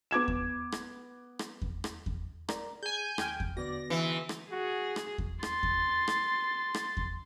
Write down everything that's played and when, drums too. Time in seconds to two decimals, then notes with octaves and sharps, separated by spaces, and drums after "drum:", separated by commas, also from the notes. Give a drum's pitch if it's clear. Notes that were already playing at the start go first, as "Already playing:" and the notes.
0.11 B3 D6 G#6 E7
0.28 drum: kick E2
0.72 drum: rim click
1.39 drum: rim click
1.62 drum: kick E2
1.84 drum: rim click
2.06 drum: kick E2
2.49 A#4 D5 A#5, drum: rim click
2.83 G#4 G#5 G6
3.18 D#2 G5 F6, drum: rim click
3.40 drum: kick E2
3.57 D3 B3 F#4 D5 A#6
3.90 G#2 E3 F3 E5
4.29 drum: rim click
4.51 F#4 G#4
4.96 drum: rim click
5.18 drum: kick E2
5.43 C6 A6, drum: rim click
5.63 drum: kick E2
6.08 drum: rim click
6.74 drum: rim click
6.97 drum: kick E2